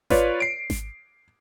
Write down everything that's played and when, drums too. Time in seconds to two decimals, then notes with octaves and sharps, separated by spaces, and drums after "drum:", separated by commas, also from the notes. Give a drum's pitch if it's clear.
0.10 F4 B4 C#5 D5, drum: snare G#1
0.40 C7 D7
0.70 drum: snare G#1